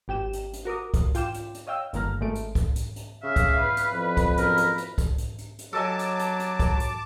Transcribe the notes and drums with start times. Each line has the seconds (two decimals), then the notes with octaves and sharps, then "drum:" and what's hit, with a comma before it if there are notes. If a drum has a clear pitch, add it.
0.08 G#1 G4 G5 E7
0.33 drum: hi-hat
0.53 drum: hi-hat
0.65 F#4 A#4 D6 D#6
0.94 drum: kick, hi-hat
1.15 F4 G5 D6 E7, drum: hi-hat
1.34 drum: hi-hat
1.54 drum: hi-hat
1.67 C#5 D#5 F5 G5 E6
1.93 G1 D#3 A#3 A#5 F6, drum: hi-hat
2.21 G#1 G#3 A3 D7
2.35 drum: hi-hat
2.55 drum: kick, hi-hat
2.76 drum: hi-hat
2.96 drum: hi-hat
3.23 C#3 E5 F5
3.36 drum: kick, hi-hat
3.61 E2 B4
3.77 drum: hi-hat
3.90 F2
4.17 drum: kick, hi-hat
4.37 F#1 A#4, drum: hi-hat
4.57 drum: hi-hat
4.78 drum: hi-hat
4.98 drum: kick, hi-hat
5.18 drum: hi-hat
5.38 drum: hi-hat
5.59 drum: hi-hat
5.73 F#3 A4 D#5 G#5 A5 D6
5.99 drum: hi-hat
6.19 drum: hi-hat
6.39 drum: hi-hat
6.60 drum: kick, hi-hat
6.80 drum: hi-hat